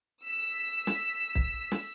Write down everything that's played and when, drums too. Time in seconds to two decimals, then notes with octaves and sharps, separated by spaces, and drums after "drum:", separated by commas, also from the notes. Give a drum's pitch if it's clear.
0.24 E6 B6
0.87 drum: snare
1.35 drum: kick
1.72 drum: snare